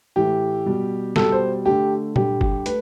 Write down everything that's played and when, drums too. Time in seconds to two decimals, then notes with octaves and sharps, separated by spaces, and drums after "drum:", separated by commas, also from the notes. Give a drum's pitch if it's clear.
0.16 A2 E3 A3 G4
0.66 B2 G3
1.16 B2 G3 A4, drum: snare
1.32 C5
1.66 D3 A3 G4
2.16 D3 G3 G4, drum: tom A#2
2.41 G4, drum: kick G1
2.66 A3 B4, drum: hi-hat